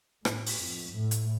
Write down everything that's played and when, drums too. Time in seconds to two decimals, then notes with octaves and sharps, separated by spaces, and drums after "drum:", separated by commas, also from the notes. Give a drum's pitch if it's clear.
0.25 A2, drum: rim click
0.46 drum: open hi-hat
0.61 F2
0.93 A2
1.11 drum: hi-hat